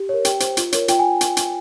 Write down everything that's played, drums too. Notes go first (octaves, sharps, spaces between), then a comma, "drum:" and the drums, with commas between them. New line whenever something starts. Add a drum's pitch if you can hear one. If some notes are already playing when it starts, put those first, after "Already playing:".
Already playing: G4
A#4 C#5
G4 G5, drum: hi-hat
C5, drum: hi-hat
F4, drum: hi-hat
A#4 C#5, drum: hi-hat
F4 G5, drum: hi-hat
G#5
drum: hi-hat
drum: hi-hat